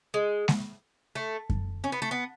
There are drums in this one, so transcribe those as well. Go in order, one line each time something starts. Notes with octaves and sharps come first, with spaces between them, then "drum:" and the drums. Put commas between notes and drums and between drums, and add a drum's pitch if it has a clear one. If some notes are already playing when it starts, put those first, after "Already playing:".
G#3
drum: snare G#3
A3
drum: kick F#2
C#4
B3
A3
B3